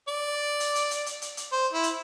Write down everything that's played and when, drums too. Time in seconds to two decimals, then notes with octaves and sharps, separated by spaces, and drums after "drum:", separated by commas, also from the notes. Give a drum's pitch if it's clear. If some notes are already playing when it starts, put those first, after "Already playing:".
0.08 D5
0.60 drum: hi-hat
0.75 drum: hi-hat
0.91 drum: hi-hat
1.06 drum: hi-hat
1.22 drum: hi-hat
1.37 drum: hi-hat
1.53 C5
1.73 E4
1.83 drum: hi-hat